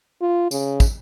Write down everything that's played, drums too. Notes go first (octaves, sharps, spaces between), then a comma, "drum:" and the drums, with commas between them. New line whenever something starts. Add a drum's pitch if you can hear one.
F4
C#3, drum: tambourine
drum: kick, tambourine